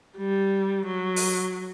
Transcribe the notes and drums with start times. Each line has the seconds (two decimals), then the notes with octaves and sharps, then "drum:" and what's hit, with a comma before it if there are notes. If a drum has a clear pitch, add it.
0.17 G3
0.87 F#3
1.16 drum: open hi-hat